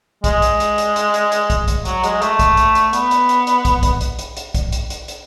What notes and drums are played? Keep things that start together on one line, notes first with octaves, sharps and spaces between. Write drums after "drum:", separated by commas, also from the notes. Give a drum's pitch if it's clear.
G#3, drum: kick, hi-hat
drum: hi-hat
drum: hi-hat
drum: hi-hat
drum: hi-hat
drum: hi-hat
drum: hi-hat
drum: kick, hi-hat
drum: kick, hi-hat
F#3, drum: hi-hat
G#3, drum: hi-hat
A3, drum: hi-hat
drum: kick, hi-hat
drum: hi-hat
drum: hi-hat
B3, drum: hi-hat
drum: hi-hat
drum: hi-hat
drum: hi-hat
drum: kick, hi-hat
drum: kick, hi-hat
drum: hi-hat
drum: hi-hat
drum: hi-hat
drum: kick, hi-hat
drum: hi-hat
drum: hi-hat
drum: hi-hat